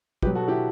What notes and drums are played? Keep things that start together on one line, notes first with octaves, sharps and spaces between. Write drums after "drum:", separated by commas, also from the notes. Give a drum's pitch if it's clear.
B2 F#3 G4 B4, drum: kick
F#4 A4
E4 G4